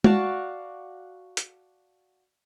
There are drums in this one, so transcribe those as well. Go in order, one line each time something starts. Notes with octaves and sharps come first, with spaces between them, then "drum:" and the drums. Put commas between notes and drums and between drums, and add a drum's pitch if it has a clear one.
F#4 D5 F5 A5, drum: tom G#3
drum: hi-hat